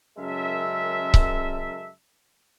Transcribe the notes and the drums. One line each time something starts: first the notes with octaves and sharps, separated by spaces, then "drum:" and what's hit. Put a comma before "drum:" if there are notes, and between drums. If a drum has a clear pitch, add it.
F#2 C#3 G#3 A4 A#4 E5
drum: kick C#1